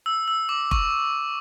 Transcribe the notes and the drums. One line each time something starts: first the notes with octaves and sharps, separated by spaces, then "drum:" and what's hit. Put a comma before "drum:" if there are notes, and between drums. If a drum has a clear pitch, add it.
E6
E6
D6
C#6, drum: kick F1